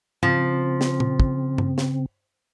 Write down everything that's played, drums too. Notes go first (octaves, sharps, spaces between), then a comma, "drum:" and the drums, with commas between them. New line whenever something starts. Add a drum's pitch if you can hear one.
C#3 F3 C4, drum: tom G#2
drum: snare
drum: tom
drum: kick
drum: tom G2
drum: snare